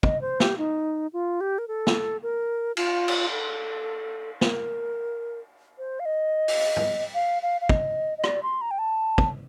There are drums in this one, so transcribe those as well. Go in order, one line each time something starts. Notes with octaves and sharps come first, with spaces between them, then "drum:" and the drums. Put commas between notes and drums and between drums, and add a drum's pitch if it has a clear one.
D#5, drum: kick
C5
G4, drum: snare
D#4
F4
G4
A#4
A4
drum: snare
A#4
F4, drum: cymbal
drum: cymbal
A4
A#4, drum: snare
C5
F5
D#5
drum: open hi-hat
drum: tom G#2
F5
F5
F5
D#5, drum: kick
D#5
D5, drum: rim click
C6
A#5
G5
A5
drum: kick